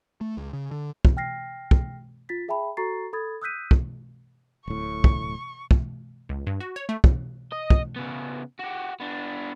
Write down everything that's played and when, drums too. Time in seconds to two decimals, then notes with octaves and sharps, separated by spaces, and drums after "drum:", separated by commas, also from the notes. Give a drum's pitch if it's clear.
0.21 A3
0.37 C#2
0.53 C#3
0.71 D3
1.05 drum: kick
1.17 G5 F6 A#6 C7
1.71 drum: kick
2.29 F4 A6 B6
2.48 G#4 E5 G5 A5 B5
2.77 F#4 A4 A#5 C#6 A6 C7
3.13 A4 B5 D#6 G#6 A6
3.42 D#6 E6 F#6 G6 B6 D#7
3.71 drum: kick
4.67 D1 A2 C#6
5.04 drum: kick
5.71 drum: kick
6.29 C#2
6.47 G2
6.61 F#4
6.76 C#5
6.89 A3
7.04 drum: kick
7.52 D#5
7.70 drum: kick
7.96 C#3 B3
8.59 F#4 G4
9.00 B3 D4